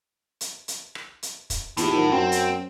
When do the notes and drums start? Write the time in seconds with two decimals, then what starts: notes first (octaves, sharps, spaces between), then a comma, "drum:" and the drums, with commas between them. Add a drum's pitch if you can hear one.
0.41 drum: hi-hat
0.68 drum: hi-hat
0.95 drum: rim click
1.23 drum: hi-hat
1.50 drum: kick, hi-hat
1.77 E2 A2 D#4 F4 G4, drum: hi-hat
1.93 D#3 F#3 C5 F#5
2.12 F#2 C4
2.32 drum: hi-hat